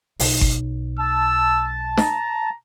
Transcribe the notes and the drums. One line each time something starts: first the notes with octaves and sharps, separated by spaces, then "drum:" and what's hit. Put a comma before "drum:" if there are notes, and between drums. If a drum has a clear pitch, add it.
B1, drum: open hi-hat
drum: kick G1
A5 E6
A#5, drum: snare